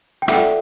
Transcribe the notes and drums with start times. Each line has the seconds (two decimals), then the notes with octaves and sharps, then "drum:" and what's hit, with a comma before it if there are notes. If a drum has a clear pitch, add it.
0.22 G5
0.28 F4 A4 D5 E5 F#5, drum: rim click